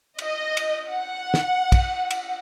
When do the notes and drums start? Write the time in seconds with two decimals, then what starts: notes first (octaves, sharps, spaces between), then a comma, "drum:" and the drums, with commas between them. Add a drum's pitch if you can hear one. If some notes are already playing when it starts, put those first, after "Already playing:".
0.19 D#5, drum: cymbal
0.57 drum: cymbal
0.89 F#5
1.34 drum: snare
1.72 drum: kick, cymbal
2.11 drum: cymbal